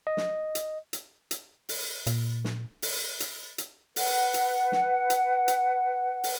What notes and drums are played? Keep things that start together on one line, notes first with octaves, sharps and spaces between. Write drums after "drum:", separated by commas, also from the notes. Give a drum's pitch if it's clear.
D#5
drum: snare
drum: hi-hat
drum: hi-hat
drum: hi-hat
drum: open hi-hat
A#2, drum: hi-hat
drum: snare
drum: open hi-hat
drum: hi-hat
drum: hi-hat
B4 F#5, drum: open hi-hat
drum: hi-hat
drum: snare
drum: hi-hat
drum: hi-hat
drum: open hi-hat